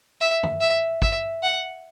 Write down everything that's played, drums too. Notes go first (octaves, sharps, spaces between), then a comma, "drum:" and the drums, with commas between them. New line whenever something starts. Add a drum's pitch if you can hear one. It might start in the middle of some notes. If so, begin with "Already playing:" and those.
E5
drum: tom
E5
E5, drum: kick
F#5